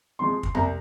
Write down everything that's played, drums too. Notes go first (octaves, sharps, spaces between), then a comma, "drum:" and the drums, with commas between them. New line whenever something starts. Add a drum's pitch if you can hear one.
C3 F3 G#3 C6
drum: kick
C2 A#5, drum: tom F2